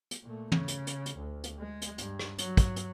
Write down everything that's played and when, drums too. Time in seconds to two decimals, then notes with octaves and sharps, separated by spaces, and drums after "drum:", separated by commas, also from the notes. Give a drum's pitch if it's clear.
0.11 drum: hi-hat
0.23 A#2 A3
0.52 C#3, drum: tom
0.68 drum: hi-hat
0.87 drum: hi-hat
1.06 drum: hi-hat
1.17 D2
1.44 drum: hi-hat
1.59 G#3
1.82 drum: hi-hat
1.98 G2, drum: hi-hat
2.19 drum: rim click
2.38 F#3, drum: hi-hat
2.57 drum: kick, hi-hat
2.76 drum: hi-hat